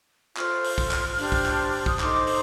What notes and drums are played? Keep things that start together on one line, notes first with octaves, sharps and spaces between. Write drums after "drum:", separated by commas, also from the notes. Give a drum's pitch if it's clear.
F4 A4 C5 F6, drum: clap
drum: open hi-hat
drum: kick
drum: clap
D4 G4 C5, drum: open hi-hat
drum: kick
drum: clap
G6
F6, drum: open hi-hat
D#6, drum: kick
D#4 A4 C5 D6, drum: clap
drum: open hi-hat